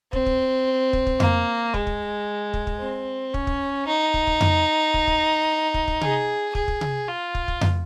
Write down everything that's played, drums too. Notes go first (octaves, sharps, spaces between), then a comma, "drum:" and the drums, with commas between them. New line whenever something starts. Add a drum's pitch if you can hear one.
C4, drum: kick
drum: kick
drum: kick
drum: kick
A#3, drum: tom F2
G#3, drum: kick
drum: kick
drum: kick
drum: kick
C4
C#4, drum: kick
drum: kick
D#4
drum: kick
drum: kick
drum: tom F2
drum: kick
drum: kick
drum: kick
drum: kick
G#4, drum: tom C3
G#4, drum: kick
drum: kick
drum: tom C3
F4
drum: kick
drum: kick
drum: tom F2